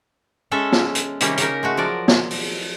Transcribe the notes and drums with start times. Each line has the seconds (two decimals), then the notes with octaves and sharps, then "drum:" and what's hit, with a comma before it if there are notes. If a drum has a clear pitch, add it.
0.51 G#3 C#4 A4 E5
0.72 drum: snare
0.95 drum: hi-hat
1.20 C3 D#3 G3 A#3 C#4, drum: hi-hat
1.37 C#3 D#4 A#4, drum: hi-hat
1.63 G#3 A3 F#4
1.77 F3 F#3 A#4 D5
2.08 drum: snare
2.31 drum: open hi-hat